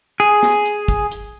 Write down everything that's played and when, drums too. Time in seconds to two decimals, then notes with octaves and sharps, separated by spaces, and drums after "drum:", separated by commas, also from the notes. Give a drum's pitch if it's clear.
0.20 G#4, drum: hi-hat
0.43 drum: snare
0.66 drum: hi-hat
0.88 drum: kick, hi-hat
1.11 drum: hi-hat